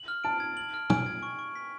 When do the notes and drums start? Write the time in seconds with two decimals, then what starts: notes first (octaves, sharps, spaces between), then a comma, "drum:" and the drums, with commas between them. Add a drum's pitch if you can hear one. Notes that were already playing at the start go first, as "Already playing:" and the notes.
Already playing: F#7
0.08 F6
0.24 A5 D7
0.40 G#6
0.57 F#7
0.74 F6
0.90 G#5 D7, drum: tom
1.06 G#6
1.23 C#6
1.39 C#6
1.55 B6